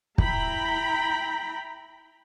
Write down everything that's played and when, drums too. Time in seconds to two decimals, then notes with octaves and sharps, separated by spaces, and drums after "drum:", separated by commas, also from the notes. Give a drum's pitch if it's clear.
0.18 E4 G5 A#5 B5, drum: kick